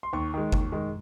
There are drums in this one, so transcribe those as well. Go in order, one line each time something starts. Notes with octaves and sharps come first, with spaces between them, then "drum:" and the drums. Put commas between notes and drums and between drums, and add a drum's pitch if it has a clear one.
C6
D#2 C#6
D#3 G#3
D#2, drum: kick G1
D#3 G#3